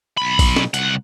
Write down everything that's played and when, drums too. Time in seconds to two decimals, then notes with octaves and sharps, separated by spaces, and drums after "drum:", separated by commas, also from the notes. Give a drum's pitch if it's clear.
0.18 B1 B5
0.39 drum: kick A#1, open hi-hat
0.56 drum: snare
0.74 C2 F#5, drum: hi-hat